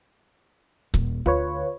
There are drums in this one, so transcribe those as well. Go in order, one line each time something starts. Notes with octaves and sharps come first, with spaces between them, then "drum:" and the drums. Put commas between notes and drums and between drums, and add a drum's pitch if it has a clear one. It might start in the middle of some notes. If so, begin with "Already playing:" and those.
D#1, drum: kick C#1
D2 F4 B4 C#5